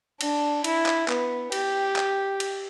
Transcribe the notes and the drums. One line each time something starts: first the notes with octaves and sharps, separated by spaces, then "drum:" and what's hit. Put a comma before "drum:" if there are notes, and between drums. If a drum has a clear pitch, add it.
D4, drum: cymbal
E4, drum: cymbal
drum: clap
B3, drum: clap
G4, drum: cymbal
drum: clap
drum: cymbal